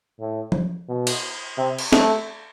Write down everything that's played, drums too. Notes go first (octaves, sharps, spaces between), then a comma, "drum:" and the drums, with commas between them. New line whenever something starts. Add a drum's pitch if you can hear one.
A2
drum: tom F3
B2
drum: cymbal
C3
drum: cymbal
A3, drum: snare